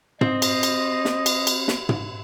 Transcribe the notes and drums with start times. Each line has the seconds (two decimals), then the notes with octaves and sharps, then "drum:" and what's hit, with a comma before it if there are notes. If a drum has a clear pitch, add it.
0.21 C4 D#5, drum: tom
0.42 drum: cymbal
0.63 drum: cymbal
1.05 drum: snare
1.26 drum: cymbal
1.47 drum: cymbal
1.68 drum: snare
1.89 drum: tom